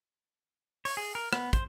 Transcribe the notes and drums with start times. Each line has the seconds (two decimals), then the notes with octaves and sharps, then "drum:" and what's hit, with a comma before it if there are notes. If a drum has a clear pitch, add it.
0.85 C#5, drum: open hi-hat
0.97 G#4
1.15 A#4
1.33 B3, drum: rim click
1.53 C5, drum: kick, hi-hat